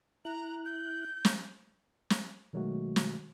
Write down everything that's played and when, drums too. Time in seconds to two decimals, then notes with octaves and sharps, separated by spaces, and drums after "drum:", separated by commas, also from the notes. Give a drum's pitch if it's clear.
0.25 E4 A#5 F#6
0.65 G6
1.25 drum: snare
2.10 drum: snare
2.53 B2 D#3 F#3 G#3 A3 F#4
2.96 drum: snare